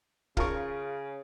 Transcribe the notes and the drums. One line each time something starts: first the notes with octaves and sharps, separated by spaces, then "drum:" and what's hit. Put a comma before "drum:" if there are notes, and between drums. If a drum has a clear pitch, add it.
C#3 F4 A#4 C#6, drum: kick